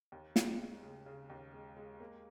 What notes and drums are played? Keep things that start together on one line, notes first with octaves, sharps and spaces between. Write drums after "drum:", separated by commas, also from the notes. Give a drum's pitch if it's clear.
D#2
G#3, drum: snare
G#3
C#3
C#3
D#2
G#3
G#3
A#3